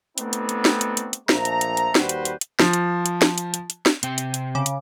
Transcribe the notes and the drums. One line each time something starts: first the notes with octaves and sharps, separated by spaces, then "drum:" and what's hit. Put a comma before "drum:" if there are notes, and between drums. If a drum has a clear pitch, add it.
A3 B3 C4 D4 D#4 F#4, drum: hi-hat
drum: hi-hat
drum: hi-hat
drum: snare
drum: hi-hat
drum: hi-hat
drum: hi-hat
A#1 F3 A3 A#5, drum: snare
drum: hi-hat
drum: hi-hat
drum: hi-hat
D#2 G3 F#4 B4 C5, drum: snare
drum: hi-hat
drum: hi-hat
drum: hi-hat
F3, drum: snare
drum: hi-hat
drum: hi-hat
drum: snare
drum: hi-hat
drum: hi-hat
drum: hi-hat
drum: snare
C3 C4 G5, drum: hi-hat
drum: hi-hat
drum: hi-hat
C#3 D6
drum: hi-hat